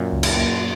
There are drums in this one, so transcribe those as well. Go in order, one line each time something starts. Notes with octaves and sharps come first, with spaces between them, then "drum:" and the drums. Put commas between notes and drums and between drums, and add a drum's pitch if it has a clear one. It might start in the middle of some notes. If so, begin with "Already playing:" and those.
Already playing: F#2 A#2
C#2
drum: cymbal
A#3